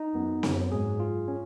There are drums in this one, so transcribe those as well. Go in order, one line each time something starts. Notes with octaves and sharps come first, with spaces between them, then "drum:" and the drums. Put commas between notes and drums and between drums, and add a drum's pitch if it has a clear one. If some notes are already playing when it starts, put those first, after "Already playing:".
Already playing: D#4
F#2 B3
F#2 F#3, drum: snare C4
G#2 G#4
F4
C#4